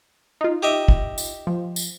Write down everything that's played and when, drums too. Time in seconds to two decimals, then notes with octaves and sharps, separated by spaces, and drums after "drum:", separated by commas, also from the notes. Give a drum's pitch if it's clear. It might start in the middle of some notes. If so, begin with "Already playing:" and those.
0.41 D#4 F4
0.63 G4 D#5 E5
0.88 drum: kick
1.18 drum: tambourine
1.47 F3
1.76 drum: tambourine